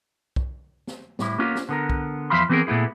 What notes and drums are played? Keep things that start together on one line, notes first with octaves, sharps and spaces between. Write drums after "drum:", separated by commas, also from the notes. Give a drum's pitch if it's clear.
drum: kick B1
drum: snare
A2 G3 E4, drum: snare
A#3 B3 C#4 F4 G4
drum: snare
D3 B3 A#4
drum: kick B1
E2 F3 E5 F5 B5 C6
E3 B3 C4 G4 G#4 A#4
A#2 A3 B3 E4 G#4